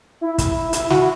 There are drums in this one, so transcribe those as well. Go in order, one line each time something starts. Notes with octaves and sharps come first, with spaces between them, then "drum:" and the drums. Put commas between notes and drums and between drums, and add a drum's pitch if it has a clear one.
E4
drum: kick, hi-hat
E4, drum: hi-hat
F#4, drum: snare